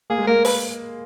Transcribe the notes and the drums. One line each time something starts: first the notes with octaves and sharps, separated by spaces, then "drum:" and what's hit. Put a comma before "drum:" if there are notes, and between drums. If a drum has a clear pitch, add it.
A#3 G#4
G#3
A#3 A#4
B4, drum: open hi-hat